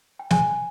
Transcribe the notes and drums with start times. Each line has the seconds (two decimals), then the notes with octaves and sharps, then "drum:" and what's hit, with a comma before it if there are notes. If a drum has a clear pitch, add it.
0.19 G5
0.30 C5 G#5, drum: snare